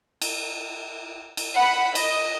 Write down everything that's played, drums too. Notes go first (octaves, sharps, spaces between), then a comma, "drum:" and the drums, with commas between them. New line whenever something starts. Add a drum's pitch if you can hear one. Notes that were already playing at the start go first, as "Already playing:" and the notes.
drum: cymbal
drum: cymbal
F#5 B5
D#5, drum: cymbal